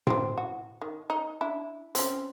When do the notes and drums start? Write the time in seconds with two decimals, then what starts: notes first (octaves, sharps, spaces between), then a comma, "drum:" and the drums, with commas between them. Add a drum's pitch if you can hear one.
0.07 E3 C4, drum: tom A2
0.38 F#4
0.81 D#3
1.10 D#4
1.41 D4 E4
1.95 C4 C#4, drum: hi-hat